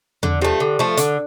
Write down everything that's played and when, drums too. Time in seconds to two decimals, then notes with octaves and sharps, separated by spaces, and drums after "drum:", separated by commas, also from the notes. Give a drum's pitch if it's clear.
0.23 D3, drum: tom E2
0.42 F3 A3 G4
0.60 D3 A4
0.79 F3 A3
0.97 D3, drum: hi-hat